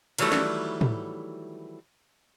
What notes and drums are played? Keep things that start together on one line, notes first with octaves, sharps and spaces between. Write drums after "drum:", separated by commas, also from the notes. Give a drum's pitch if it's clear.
D#3 E3 F#3 G3 A3, drum: cymbal
drum: snare
drum: tom